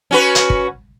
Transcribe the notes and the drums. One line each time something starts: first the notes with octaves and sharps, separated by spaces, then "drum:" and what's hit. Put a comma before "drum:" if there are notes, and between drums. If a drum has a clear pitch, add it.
C#4 F#4 B4
drum: hi-hat
drum: kick